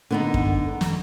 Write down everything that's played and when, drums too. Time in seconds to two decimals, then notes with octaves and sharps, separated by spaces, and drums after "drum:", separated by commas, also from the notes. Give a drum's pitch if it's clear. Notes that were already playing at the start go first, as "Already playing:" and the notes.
0.11 D3 B3 D#4
0.34 drum: kick F#2
0.81 drum: snare